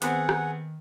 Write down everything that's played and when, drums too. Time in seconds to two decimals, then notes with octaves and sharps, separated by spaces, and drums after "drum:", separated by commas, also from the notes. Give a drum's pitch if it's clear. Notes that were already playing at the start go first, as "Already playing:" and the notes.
0.02 D#3 B3 C4 G#4 F#5, drum: hi-hat
0.29 drum: rim click